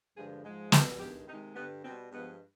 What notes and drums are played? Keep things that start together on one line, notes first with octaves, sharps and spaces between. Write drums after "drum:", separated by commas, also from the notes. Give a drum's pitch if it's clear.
G2 D3 F3 G#3 G#4
G#2 F3 G#3
B2 G3 G#4, drum: snare
G2 D#3 G#3 G4
C3 D#3 G#3 D#4
G2 D3 G3 B3
B2 G3 C4
G2 F3 G#3 B3